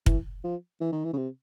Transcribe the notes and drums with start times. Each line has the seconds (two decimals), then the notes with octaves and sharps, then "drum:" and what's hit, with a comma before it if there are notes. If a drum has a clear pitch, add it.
0.06 E3, drum: kick
0.44 F3
0.81 E3
0.92 D#3
1.05 E3
1.13 C#3
1.17 C3